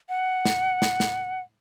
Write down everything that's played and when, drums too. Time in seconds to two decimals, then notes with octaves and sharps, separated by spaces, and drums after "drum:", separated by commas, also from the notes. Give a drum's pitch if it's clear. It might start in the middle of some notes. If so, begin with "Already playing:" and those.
0.09 F#5
0.45 drum: snare
0.82 drum: snare
1.00 drum: snare